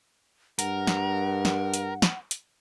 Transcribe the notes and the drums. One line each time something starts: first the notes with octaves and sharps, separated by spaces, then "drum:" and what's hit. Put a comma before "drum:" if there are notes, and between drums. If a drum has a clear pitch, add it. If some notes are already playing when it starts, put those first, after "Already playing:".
G2 A#4 F#5, drum: hi-hat
drum: snare
drum: snare
drum: hi-hat
drum: snare
drum: hi-hat